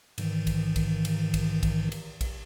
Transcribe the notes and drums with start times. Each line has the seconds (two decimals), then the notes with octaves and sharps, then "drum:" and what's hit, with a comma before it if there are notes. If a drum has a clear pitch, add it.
0.18 G#2 D#3 E3, drum: cymbal
0.47 drum: kick A#1, cymbal
0.76 drum: kick A#1, cymbal
1.05 drum: cymbal
1.34 drum: kick A#1, cymbal
1.63 drum: kick A#1, cymbal
1.92 drum: cymbal
2.21 drum: kick A#1, cymbal